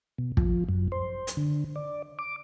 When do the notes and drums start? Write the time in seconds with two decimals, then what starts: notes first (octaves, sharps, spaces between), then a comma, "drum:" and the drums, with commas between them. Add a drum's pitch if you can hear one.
0.18 B2
0.37 F3, drum: kick
0.69 F#2
0.92 C5
1.27 drum: hi-hat
1.37 D3
1.76 D5
2.19 D6